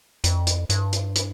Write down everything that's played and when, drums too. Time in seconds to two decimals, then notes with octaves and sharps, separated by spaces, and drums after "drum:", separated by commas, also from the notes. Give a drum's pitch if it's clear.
0.24 F2, drum: hi-hat
0.47 drum: hi-hat
0.69 G2, drum: hi-hat
0.92 drum: hi-hat
1.15 drum: hi-hat